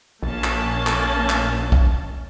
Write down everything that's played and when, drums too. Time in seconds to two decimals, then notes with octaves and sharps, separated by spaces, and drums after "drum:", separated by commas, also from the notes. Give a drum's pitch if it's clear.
0.23 A#1 A#3 C#4 A5
0.44 drum: clap
0.87 drum: clap
1.29 drum: clap
1.72 drum: kick